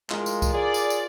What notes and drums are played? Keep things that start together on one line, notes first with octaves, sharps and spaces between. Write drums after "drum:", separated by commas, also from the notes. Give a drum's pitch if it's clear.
G#3 F4 A#4, drum: clap
drum: tambourine
drum: kick C2, tambourine
G#4 D5
drum: tambourine
drum: tambourine